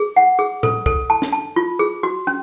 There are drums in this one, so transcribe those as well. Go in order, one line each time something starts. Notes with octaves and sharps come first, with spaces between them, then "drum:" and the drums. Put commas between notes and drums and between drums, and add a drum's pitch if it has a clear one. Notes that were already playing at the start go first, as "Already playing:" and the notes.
Already playing: G#4
F#5
G#4
A4, drum: tom A2
A4, drum: kick
A5
drum: snare
A5
F4
G#4
F#4
C#4